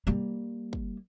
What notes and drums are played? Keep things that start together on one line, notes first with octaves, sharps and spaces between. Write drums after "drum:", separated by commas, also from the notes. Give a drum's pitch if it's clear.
G3 A#3
drum: kick